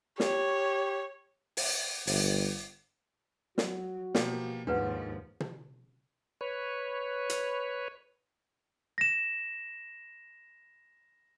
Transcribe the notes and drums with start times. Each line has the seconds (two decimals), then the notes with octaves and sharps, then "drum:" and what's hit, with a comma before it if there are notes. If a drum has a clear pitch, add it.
0.20 G4 C#5, drum: snare
1.57 drum: open hi-hat
2.07 G1, drum: open hi-hat
3.58 F#3 F#4, drum: snare
4.15 B2 F3 A#3 G4, drum: snare
4.67 D#2 G#2 F3 G#3 D4 B4 F#5
5.40 drum: tom
6.41 B4 C#5
7.30 drum: hi-hat
8.98 A#6 E7